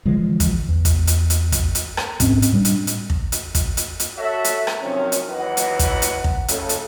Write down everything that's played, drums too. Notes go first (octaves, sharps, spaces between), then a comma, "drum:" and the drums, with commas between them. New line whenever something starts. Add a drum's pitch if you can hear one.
D3 E3 F3 G#3
drum: kick, hi-hat
E2
drum: kick, hi-hat
drum: hi-hat
drum: hi-hat
drum: kick, hi-hat
drum: hi-hat
drum: rim click
G#2 C4 C#4, drum: kick, hi-hat
drum: hi-hat
A2 G3 D4
drum: hi-hat
drum: hi-hat
drum: kick
drum: hi-hat
drum: kick, hi-hat
drum: hi-hat
drum: hi-hat
F#4 A4 C#5 E5
drum: hi-hat
drum: rim click
C3 D#3 F3 F#3 C4 C#4
drum: hi-hat
D#2 E3 F#3 D#5 F#5
drum: hi-hat
drum: kick, hi-hat
drum: hi-hat
drum: kick
A2 C#3 A4, drum: hi-hat
drum: hi-hat